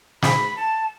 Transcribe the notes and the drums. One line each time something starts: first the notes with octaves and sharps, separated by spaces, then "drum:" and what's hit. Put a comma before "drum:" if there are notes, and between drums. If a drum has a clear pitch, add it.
B5, drum: snare
A5